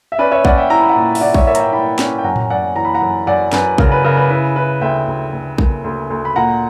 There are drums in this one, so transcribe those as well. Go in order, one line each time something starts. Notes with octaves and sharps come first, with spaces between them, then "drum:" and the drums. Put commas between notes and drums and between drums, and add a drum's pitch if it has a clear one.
E5
C#4 B4 D5
C#5 E5
C#4 D5 F#5, drum: kick
E5 G5
E4 A#5
B5
F#5 A#5
A#2
E5, drum: open hi-hat
E4 D5 F#5
C#5 E5, drum: kick
A#3 C#5 E5
A#5, drum: hi-hat
E5 G5
E4 G5 B5
C#4, drum: snare
G5
F#2 F#5 A#5
drum: tom A2
F#2 D5 F#5
E3 A#5
B5
F#5 A#5
F#2
F#2 D5 F#5
F#2 B4, drum: snare
C#3 A#4, drum: kick
B4
C#3 A#4
B4
E4 B4
E4 B4
D2 E5 G5
D2
D2
A#3, drum: kick
D2
D2
B5
A#2 F#5 A#5